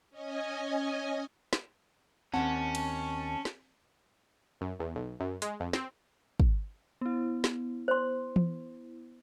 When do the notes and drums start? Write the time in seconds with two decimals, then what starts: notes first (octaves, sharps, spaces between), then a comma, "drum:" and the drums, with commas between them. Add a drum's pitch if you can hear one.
0.10 C#4 D#5 G#5
1.53 drum: snare
2.34 D#2 C4 C#4 F#5 A5
2.75 drum: cymbal
3.45 drum: snare
4.61 F#2
4.80 E2
4.96 B1
5.20 F#2
5.42 G#3, drum: hi-hat
5.60 F2
5.73 C4, drum: snare
6.40 drum: kick
7.01 B3 E4
7.44 drum: snare
7.88 C5 C6
8.36 drum: tom E3